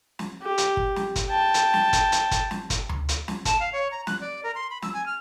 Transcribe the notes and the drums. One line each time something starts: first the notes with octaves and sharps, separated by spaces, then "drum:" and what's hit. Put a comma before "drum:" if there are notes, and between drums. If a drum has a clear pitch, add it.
drum: snare
G4
drum: hi-hat
drum: kick
drum: snare
drum: kick, hi-hat
G5 A5
drum: hi-hat
drum: snare
drum: kick, hi-hat
drum: hi-hat
drum: kick, hi-hat
drum: snare
drum: kick, hi-hat
drum: tom D2
drum: hi-hat
drum: snare
A5, drum: kick, hi-hat
F5
C#5
A#5
F#6, drum: snare
D5
A#4
C6
B5
E6, drum: snare
G#5
F6